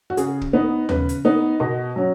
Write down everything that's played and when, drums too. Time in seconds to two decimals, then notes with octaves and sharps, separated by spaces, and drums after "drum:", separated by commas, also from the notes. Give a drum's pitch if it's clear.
0.10 F#4
0.17 C#3 G#4, drum: hi-hat
0.41 drum: kick
0.53 B3 D#4
0.89 C#3 B4, drum: tom D#2
1.09 drum: hi-hat
1.25 B3 D#4
1.60 B2 D#5
1.96 F#3 C#4